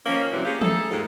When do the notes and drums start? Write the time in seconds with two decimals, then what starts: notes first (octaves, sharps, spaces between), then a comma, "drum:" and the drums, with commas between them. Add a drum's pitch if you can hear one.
0.06 D#3 F3 A#3 C#4
0.31 A2 C3 E3 F#3 C4 D5
0.45 A#3 C#4 F4 G4 G#4
0.62 A3 D#4 G#4 A4, drum: tom
0.91 D#2 G#2 D#3 F3 G#3